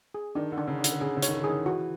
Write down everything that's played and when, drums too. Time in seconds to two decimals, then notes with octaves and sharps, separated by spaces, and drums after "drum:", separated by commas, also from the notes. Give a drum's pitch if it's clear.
0.14 G#4
0.35 D#3 D4
0.52 D3
0.58 D4
0.68 C#3
0.79 D4
0.84 D3, drum: hi-hat
1.01 C#3 G#4
1.17 C#3
1.23 C#5, drum: hi-hat
1.28 D#3
1.33 D3
1.44 E3 G#4
1.50 D#3
1.65 E3 F#4